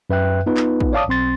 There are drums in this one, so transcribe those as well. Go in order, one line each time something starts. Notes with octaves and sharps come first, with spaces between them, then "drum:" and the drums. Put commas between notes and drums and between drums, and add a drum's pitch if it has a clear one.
F#2 B4 E5 G5 F#6
B3 D#4 F4 B4
drum: clap
drum: kick
C#5 D5 F5 A5 D6 D#6
B1 C4 C6 A6